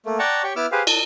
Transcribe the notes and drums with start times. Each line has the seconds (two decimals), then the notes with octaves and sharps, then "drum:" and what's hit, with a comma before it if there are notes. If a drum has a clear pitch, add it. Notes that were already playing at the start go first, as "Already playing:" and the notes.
0.06 A3 A#3
0.19 D5 F#5 G5 A5 A#5 C#6
0.44 G4 C#5 G5 C#6
0.56 B3 E4 D6 E6 F6
0.72 G4 G#4 B4 C5 F5
0.87 A5, drum: cymbal